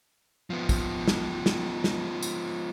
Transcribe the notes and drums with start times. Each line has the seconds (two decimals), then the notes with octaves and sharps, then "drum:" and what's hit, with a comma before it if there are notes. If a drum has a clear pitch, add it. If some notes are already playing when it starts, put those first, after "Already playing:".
0.50 F3 B3
0.69 drum: kick, tambourine
1.08 drum: snare
1.46 drum: snare
1.84 drum: snare
2.23 drum: tambourine